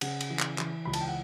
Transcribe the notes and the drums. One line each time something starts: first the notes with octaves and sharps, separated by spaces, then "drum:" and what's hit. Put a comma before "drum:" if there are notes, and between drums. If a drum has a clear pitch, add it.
C#3 F#5, drum: cymbal
drum: cymbal
E3
drum: clap
E3, drum: clap
C#2 B5
A5, drum: cymbal
G5
F#5